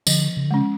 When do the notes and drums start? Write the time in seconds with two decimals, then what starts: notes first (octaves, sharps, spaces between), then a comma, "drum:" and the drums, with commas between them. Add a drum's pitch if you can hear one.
0.07 D3 F3, drum: tambourine
0.37 C#3
0.45 D3
0.51 C#3 G#3 C#4